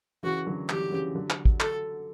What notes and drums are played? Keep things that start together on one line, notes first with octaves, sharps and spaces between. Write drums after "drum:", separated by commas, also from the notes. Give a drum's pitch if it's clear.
C#3 E3 F#4
D3 F#3
E3 G3 G4, drum: clap
C#3 E3
D3 F#3
drum: clap
drum: kick
A4, drum: clap